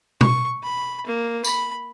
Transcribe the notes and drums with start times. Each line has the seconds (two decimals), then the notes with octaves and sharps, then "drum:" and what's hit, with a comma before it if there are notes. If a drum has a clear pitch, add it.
0.21 C#6, drum: tom
0.63 B5
1.06 A#3
1.44 B5, drum: tambourine